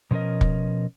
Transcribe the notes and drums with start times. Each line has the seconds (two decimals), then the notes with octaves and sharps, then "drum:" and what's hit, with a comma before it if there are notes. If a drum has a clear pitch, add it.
0.11 B2 F3 C#4 A#4 D#5
0.41 drum: kick